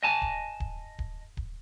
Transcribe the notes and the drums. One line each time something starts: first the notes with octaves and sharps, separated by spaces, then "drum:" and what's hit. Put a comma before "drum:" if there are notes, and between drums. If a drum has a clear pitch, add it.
D#5 G#5 A5
drum: kick D1
drum: kick D1
drum: kick D1
drum: kick D1